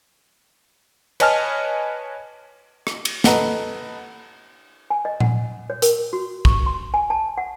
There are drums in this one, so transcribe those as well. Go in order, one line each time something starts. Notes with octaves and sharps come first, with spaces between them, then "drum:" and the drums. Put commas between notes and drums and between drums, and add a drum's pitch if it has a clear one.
B4 C#5 D#5 G#5 A5 F6, drum: cymbal
drum: rim click
drum: cymbal
A4 B4 D#5 F#5 A#5, drum: snare
G#5
D#5
F#5, drum: tom A#2
C#5
A#4, drum: hi-hat
F#4
C#6, drum: kick
C6
G#5
A5
F#5